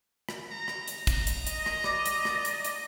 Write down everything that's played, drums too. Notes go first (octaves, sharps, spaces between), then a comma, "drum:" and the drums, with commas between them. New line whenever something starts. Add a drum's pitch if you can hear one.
drum: rim click
A#5
drum: rim click
drum: hi-hat
drum: kick, hi-hat
drum: hi-hat
D#5, drum: hi-hat
drum: rim click
D5, drum: rim click
drum: hi-hat
drum: rim click
drum: hi-hat
drum: hi-hat